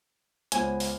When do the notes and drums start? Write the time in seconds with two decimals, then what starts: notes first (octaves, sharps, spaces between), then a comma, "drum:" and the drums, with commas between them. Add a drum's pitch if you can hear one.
0.52 C#2 B3 C5 G#5, drum: hi-hat
0.80 drum: open hi-hat